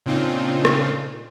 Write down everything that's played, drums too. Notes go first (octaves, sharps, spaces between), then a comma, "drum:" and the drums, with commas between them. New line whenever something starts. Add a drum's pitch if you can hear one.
A#2 C#3 C4 D4 D#4 F4
drum: rim click